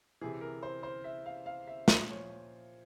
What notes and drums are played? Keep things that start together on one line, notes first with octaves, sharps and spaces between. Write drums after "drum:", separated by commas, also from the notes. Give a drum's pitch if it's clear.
C3 E3 G#4
A#4
C5
C5
E5
F5
F5
E5
A#2 F3 C5, drum: snare
C#5